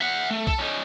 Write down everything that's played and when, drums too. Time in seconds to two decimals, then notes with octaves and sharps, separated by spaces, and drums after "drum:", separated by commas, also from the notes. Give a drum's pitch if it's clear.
0.01 E5 F#5
0.31 A3
0.47 A4, drum: kick
0.59 C#4 D#4